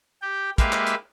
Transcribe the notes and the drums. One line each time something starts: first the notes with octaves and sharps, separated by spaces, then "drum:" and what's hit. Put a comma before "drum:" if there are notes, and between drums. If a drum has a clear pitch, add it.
G4 G5
G#3 A#3 G4 B4 E5 F5, drum: kick, hi-hat
drum: clap
drum: hi-hat